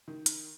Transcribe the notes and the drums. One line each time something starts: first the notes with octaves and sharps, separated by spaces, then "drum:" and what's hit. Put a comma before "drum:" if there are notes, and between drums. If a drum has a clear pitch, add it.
D#3
drum: hi-hat